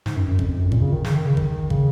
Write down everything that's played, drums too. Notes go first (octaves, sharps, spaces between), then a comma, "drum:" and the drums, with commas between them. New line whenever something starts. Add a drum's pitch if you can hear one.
G#2, drum: snare
F#2
F#2
F2, drum: kick
F2
F#2
A#2, drum: kick
C#3
D#3
C#3, drum: snare
D#3
C#3
D#3, drum: kick
C#3, drum: kick